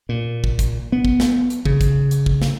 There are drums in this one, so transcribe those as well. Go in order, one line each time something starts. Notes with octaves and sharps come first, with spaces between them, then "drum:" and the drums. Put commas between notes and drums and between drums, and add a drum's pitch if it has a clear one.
A#2
drum: kick
drum: kick, hi-hat
B3
drum: kick
drum: snare
drum: hi-hat
C#3, drum: kick
drum: kick, hi-hat
drum: hi-hat
drum: kick
drum: snare